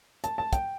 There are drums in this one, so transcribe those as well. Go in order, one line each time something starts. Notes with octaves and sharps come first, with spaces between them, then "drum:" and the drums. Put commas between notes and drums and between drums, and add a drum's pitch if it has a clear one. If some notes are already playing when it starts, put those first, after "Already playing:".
A5, drum: hi-hat
A5
G5, drum: kick, hi-hat